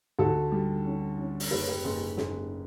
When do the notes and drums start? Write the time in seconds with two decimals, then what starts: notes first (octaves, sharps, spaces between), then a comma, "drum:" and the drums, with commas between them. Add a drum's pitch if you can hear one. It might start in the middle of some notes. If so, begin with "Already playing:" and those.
0.19 D2 F#4 A4
0.52 G3
0.85 C#4
1.18 C#4
1.40 drum: open hi-hat
1.51 F#1 B4
1.59 C#5
1.68 G4 B4
1.84 F#1
2.17 F#1, drum: snare